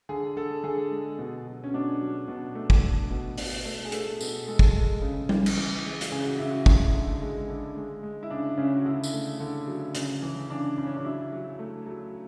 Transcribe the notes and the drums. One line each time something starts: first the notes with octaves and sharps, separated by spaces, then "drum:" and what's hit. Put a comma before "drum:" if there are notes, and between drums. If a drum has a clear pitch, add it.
D3 G#4
D3 A4
D3 G#4
G#3
B2
F#3
C#4
B2 D4
F#3
B2
A3
drum: kick
A3
B2
B2, drum: open hi-hat
A3
G#4
A3 A4, drum: hi-hat
B2, drum: tambourine
G#3 A4
drum: kick
G#3
C#3
C#3, drum: tom G3
drum: cymbal
E3
G#3
drum: hi-hat
C#3 G#4
F#4
C#3 E4
F#4
G#3 E4, drum: kick
D3
G#3
D3
G#3
G#3
E4
C#3 D4
C#3 C#4
F#4
D3 E4
drum: tambourine
A3
D3
F#3
C#3, drum: hi-hat
E3
C#3 D4
C#3
C#4
D4
F#3 E4
F#3
A3
F#3